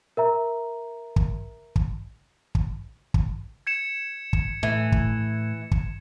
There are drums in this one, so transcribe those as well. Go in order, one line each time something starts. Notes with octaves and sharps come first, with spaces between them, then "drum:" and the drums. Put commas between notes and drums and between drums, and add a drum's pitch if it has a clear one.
A#4 E5 A#5
drum: kick
drum: kick
drum: kick
drum: kick
G#6 C#7 E7
drum: kick
A2 E3
drum: kick
drum: kick